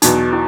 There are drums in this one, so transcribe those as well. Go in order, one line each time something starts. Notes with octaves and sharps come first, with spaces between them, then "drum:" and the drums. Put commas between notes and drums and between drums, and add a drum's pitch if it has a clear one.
E2 B2 F#3 D#4, drum: hi-hat
E4